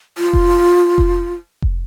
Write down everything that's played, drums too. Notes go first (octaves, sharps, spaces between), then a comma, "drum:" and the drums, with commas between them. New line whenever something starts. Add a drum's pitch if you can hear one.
F4
drum: kick F1
drum: kick F1
drum: kick F1